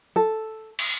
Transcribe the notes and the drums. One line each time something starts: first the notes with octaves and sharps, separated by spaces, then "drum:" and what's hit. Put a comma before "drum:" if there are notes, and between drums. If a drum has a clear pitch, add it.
A4
drum: cymbal